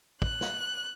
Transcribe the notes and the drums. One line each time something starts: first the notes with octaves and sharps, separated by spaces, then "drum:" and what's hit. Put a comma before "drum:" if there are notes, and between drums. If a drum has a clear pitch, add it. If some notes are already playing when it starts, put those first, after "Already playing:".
F#6, drum: kick
drum: snare